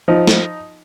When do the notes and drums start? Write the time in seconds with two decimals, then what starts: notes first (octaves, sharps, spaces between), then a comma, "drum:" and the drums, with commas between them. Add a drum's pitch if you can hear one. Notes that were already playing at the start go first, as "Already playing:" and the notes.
0.08 F3 D#4
0.27 drum: snare